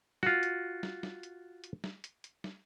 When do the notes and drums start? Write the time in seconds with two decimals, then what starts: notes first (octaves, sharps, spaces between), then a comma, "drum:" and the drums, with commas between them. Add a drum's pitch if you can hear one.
0.23 F4 F#4, drum: snare
0.43 drum: hi-hat
0.83 drum: snare
1.03 drum: snare
1.23 drum: hi-hat
1.64 drum: hi-hat
1.84 drum: snare
2.04 drum: hi-hat
2.24 drum: hi-hat
2.44 drum: snare